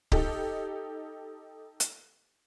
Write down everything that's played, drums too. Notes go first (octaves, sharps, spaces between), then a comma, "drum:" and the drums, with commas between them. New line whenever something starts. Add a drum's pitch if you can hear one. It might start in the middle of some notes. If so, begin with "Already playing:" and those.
D#4 G4 A4, drum: kick C#1
drum: hi-hat